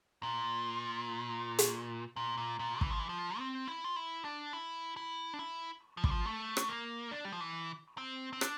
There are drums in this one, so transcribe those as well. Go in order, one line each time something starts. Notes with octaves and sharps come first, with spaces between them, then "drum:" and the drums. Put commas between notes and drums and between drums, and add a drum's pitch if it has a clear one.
A#2
drum: hi-hat
A#2
A#2
A#2
E3, drum: kick
F3
E3
F3
C4
E4
F4
E4
D4
E4
E4
D4
E4
F3
G3, drum: kick
F3
A3
drum: rim click
A#3
D4
G3
F3
E3
C4
C4
D4, drum: rim click